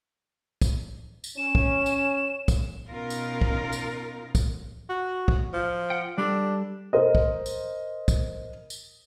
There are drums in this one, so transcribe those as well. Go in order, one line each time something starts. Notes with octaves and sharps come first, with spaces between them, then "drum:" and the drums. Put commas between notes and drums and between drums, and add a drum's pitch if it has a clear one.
drum: kick, tambourine
drum: tambourine
C#4 E7
drum: kick
drum: tambourine
drum: kick, tambourine
B2 B3 C#4 D#4 F4 A#4
drum: tambourine
drum: kick
drum: tambourine
drum: kick, tambourine
F#4
drum: kick
F3
F#5 G5
G3 D4 G4 A4
A#4 C5 D#5
drum: kick
drum: tambourine
drum: kick, tambourine
drum: tambourine